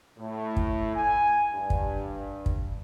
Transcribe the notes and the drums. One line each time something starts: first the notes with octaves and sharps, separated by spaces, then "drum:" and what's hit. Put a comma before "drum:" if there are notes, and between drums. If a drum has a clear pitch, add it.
A2
drum: kick
G#5
G2
drum: kick
drum: kick